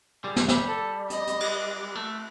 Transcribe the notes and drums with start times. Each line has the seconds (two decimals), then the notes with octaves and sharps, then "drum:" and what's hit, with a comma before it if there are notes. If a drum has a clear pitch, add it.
0.24 G3 G#4
0.36 F#3, drum: snare
0.48 G3, drum: snare
0.67 A4
1.10 D#5, drum: hi-hat
1.27 drum: hi-hat
1.40 drum: cymbal
1.95 A3